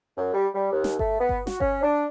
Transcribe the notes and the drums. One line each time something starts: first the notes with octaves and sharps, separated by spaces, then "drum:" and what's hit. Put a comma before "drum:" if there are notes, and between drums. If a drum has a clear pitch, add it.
F#2
G3
G3
D#2
drum: snare
A3, drum: kick G1
B3
drum: kick G1
F#4, drum: snare
C#4, drum: kick G1
D4